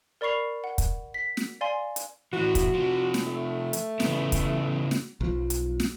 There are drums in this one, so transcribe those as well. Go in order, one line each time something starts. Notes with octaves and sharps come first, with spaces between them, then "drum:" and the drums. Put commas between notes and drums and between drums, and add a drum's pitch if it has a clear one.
A#4 D5 B5 C#6 C7 F7
F#5
drum: kick, hi-hat
B6
drum: snare
D5 F5 G#5 C6
drum: hi-hat
A2 E3 F#4
drum: kick, hi-hat
C3 F3
drum: snare
A3
drum: hi-hat
C#3 E3 B3, drum: snare
drum: kick, hi-hat
drum: snare
B1 F3
drum: hi-hat
drum: snare